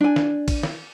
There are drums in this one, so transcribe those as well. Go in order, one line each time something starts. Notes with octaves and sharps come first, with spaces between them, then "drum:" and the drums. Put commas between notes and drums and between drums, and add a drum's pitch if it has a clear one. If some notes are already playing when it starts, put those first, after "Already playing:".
D4 G#5
drum: snare
drum: kick, cymbal
drum: snare